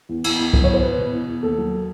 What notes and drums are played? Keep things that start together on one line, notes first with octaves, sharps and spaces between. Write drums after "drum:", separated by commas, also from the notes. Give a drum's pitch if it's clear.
E2
E2, drum: cymbal
E2
F#3, drum: kick
C#5
E2 C5
E2 B4
B2
E2
E2
D#2 A4
F#3